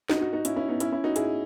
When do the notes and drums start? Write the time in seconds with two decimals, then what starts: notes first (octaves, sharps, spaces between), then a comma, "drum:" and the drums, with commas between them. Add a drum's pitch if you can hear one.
0.10 D#4 F#4, drum: snare
0.21 D#4 F#4
0.33 D#4 F#4
0.45 C#4 E4, drum: hi-hat
0.56 C#4 E4
0.68 B3 D#4
0.80 C#4 E4, drum: hi-hat
0.92 C#4 E4
1.04 D#4 F#4
1.16 E4 G#4, drum: hi-hat